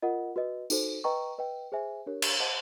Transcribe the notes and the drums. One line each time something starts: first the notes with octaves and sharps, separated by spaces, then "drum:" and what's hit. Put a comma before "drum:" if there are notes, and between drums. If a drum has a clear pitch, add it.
F4 A#4 D#5 F#5
F#4 B4 D#5
D#4 F#4 A4 C5, drum: tambourine
B4 D#5 G5 A#5 C#6
B4 D#5 G5
G#4 C5 E5 G#5
D4 G4 A#4 C#5
drum: cymbal
C5 D#5 F#5 A5 D6